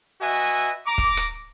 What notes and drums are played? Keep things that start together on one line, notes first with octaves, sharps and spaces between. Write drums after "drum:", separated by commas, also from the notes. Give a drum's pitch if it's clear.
F#4 B4 D#5 E5 G#5
A#5 D6
drum: kick
drum: rim click